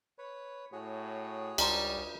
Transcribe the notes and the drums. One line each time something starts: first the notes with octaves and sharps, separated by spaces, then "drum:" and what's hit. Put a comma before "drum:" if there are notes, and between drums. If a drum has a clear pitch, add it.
B4 C#5
A2 F#4 G#4 C#5
C#2 G3 D4 D#4 C5, drum: cymbal